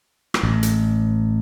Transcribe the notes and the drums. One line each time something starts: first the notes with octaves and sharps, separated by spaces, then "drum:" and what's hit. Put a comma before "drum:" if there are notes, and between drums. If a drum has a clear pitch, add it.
drum: rim click
A1
drum: hi-hat